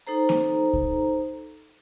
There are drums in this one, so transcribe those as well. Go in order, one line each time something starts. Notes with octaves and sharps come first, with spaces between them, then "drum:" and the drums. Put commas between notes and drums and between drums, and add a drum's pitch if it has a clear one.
D#4 A4 C5 A#5
drum: snare A#3
drum: kick C2